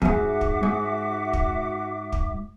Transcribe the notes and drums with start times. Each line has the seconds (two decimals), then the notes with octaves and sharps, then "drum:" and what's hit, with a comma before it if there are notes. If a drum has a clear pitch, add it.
0.02 E2 G#2 F#4 E5 D6, drum: kick
0.41 drum: kick
0.63 G#2
1.33 drum: kick
2.12 drum: kick